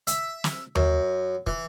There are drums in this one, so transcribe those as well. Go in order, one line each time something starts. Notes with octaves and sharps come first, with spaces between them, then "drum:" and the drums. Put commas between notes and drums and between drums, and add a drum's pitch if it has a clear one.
E5, drum: hi-hat
drum: snare
F#2, drum: tom D#2
E3, drum: kick